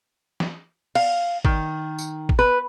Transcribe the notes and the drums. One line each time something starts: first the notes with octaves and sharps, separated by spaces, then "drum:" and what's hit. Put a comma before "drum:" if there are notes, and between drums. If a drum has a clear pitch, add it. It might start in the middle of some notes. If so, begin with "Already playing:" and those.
drum: snare
F5, drum: cymbal
D#3, drum: kick
drum: tambourine
drum: kick
B4